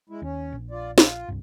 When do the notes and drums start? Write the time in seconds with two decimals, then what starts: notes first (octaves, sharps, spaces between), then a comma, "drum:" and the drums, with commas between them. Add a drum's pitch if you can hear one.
0.09 G#3 E4
0.22 D#2 C#4
0.53 A#1
0.71 F4 D5
0.98 F4, drum: snare
1.29 D1 C2 G2